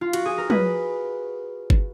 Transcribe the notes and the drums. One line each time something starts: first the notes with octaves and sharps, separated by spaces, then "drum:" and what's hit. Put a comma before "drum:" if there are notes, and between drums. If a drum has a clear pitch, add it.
F4
F#4, drum: cymbal
G#4
A#4
G#4 B4, drum: tom
drum: kick G1